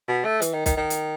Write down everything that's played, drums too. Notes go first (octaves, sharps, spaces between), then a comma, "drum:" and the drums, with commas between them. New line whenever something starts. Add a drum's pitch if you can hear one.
B2
A3
E3, drum: hi-hat
D#3
D#3, drum: kick, hi-hat
D#3
drum: hi-hat